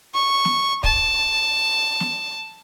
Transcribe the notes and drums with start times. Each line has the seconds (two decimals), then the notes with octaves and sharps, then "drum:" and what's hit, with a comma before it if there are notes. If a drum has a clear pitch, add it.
0.15 C#6
0.45 drum: snare
0.84 A5, drum: kick
2.00 drum: snare